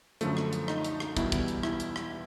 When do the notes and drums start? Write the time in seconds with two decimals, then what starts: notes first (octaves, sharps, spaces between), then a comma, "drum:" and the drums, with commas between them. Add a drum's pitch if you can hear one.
0.21 F#2 D3 F3 A3, drum: hi-hat
0.37 drum: rim click
0.53 drum: hi-hat
0.68 D#4, drum: rim click
0.84 drum: hi-hat
1.00 drum: rim click
1.17 E2 B2 G3 E4, drum: kick, hi-hat
1.32 drum: kick, hi-hat
1.48 drum: hi-hat
1.63 E4, drum: rim click
1.80 drum: hi-hat
1.96 drum: rim click